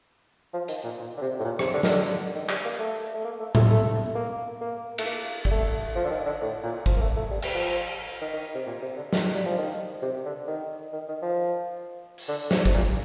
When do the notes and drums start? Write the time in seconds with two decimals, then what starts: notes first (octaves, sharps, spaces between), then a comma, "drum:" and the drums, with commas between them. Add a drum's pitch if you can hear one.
0.53 F3
0.68 D#3, drum: hi-hat
0.84 A#2
0.99 A#2
1.17 D3
1.21 C3
1.39 A2
1.45 A#2
1.59 C3, drum: rim click
1.74 D3
1.83 D#3, drum: snare
1.90 D3
2.35 D#3
2.49 G3, drum: clap
2.65 A#3
2.79 A3
3.14 A3
3.25 A#3
3.40 A3
3.55 A3, drum: tom A2
3.70 A3
4.15 A#3
4.61 A#3
4.98 A3, drum: cymbal
5.06 A#3
5.45 G3, drum: kick G#1
5.51 A3
5.96 F3
6.04 D3
6.11 D#3
6.26 D3
6.41 A2
6.63 A#2
6.86 F3, drum: kick G#1
6.97 A#3
7.01 A3
7.16 A3
7.31 G3
7.42 drum: cymbal
7.54 F3
8.21 D#3
8.33 D#3
8.55 C3
8.66 A#2
8.82 C3
8.97 D3
9.13 D#3, drum: snare
9.34 G3
9.46 F3
9.58 D#3
10.02 C3
10.25 D3
10.47 D#3
10.93 D#3
11.08 D#3
11.22 F3
12.18 drum: open hi-hat
12.28 D3
12.51 C3, drum: snare
12.58 D3
12.65 C3, drum: kick G#1
12.74 A#2